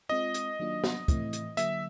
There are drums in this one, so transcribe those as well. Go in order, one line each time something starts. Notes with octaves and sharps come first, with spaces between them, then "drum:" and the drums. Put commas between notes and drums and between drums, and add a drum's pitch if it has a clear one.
G#3 C4 F4 D#5
drum: hi-hat
D#3 F#3 A#3 D4 F4
drum: snare
A2 E3 A3 C4 E4, drum: kick, hi-hat
drum: hi-hat
D3 F#3 A#3 E5, drum: hi-hat